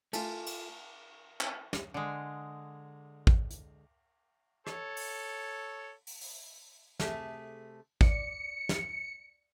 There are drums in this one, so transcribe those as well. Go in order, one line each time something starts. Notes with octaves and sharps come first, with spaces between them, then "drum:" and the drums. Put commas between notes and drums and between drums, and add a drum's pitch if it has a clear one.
A3 F4 G#5 A5, drum: cymbal
drum: cymbal
drum: clap
drum: snare
D3 G#3
drum: kick
drum: hi-hat
A4 C#5, drum: rim click
drum: open hi-hat
drum: open hi-hat
drum: open hi-hat
C3 A3 G#4, drum: snare
D5 C#7, drum: kick
drum: snare